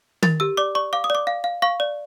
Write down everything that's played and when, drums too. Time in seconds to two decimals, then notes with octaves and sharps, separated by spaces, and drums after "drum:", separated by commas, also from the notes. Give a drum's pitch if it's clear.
0.23 A#4 A6, drum: tom
0.40 G4 E6
0.57 D5 D6
0.75 D5 C#6
0.93 F5 D6
1.04 D#6
1.10 D5 D6
1.27 F5
1.44 F5
1.62 F5 C#6
1.80 D5